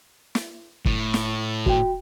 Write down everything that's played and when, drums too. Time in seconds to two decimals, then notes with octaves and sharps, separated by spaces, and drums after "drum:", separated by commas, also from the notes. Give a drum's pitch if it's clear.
0.35 drum: snare
0.85 A2, drum: kick
1.14 drum: snare
1.66 F#4 G5, drum: kick